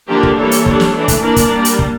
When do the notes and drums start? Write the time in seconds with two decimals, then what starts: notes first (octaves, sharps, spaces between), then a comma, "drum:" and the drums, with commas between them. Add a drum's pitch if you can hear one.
0.08 D3 F3 A#3 D4 G4 A#4
0.23 drum: kick
0.37 E3 G3 A#3 A4 C#5
0.51 drum: hi-hat
0.66 G3 D4, drum: kick
0.80 drum: snare
0.93 E3 A3 D4
1.08 drum: kick, hi-hat
1.22 E3 A#3 D4 A#4 D5
1.36 drum: kick, hi-hat
1.51 G3 A#3 D4
1.65 drum: hi-hat
1.79 drum: kick